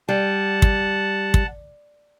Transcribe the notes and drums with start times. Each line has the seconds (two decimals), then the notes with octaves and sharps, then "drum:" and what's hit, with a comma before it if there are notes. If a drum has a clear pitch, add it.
0.09 G3 F#5 A5
0.62 drum: kick
1.34 drum: kick